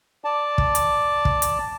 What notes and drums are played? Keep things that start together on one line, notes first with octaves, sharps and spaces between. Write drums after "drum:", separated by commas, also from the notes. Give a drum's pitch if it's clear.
D5 A5
drum: kick
drum: hi-hat
drum: kick
drum: hi-hat